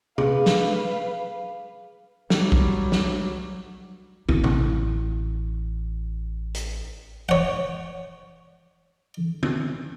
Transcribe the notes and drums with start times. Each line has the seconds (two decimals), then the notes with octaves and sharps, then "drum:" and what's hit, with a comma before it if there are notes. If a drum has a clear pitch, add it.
0.18 G#4 B4 F5, drum: tom
0.46 drum: snare
2.30 F#3 G3, drum: snare
2.52 drum: kick
2.92 drum: snare
4.29 A1 E4, drum: tom
4.44 drum: tom
6.54 drum: hi-hat
7.29 C#5 F#5
9.43 drum: tom